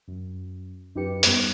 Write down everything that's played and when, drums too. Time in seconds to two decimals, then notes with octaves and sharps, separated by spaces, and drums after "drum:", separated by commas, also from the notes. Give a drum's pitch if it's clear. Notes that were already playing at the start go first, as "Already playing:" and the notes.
0.08 F#2
0.95 F#2 D#4 F4 G4 B4 C#7
1.23 G2 G3 B3 F#6 D7, drum: hi-hat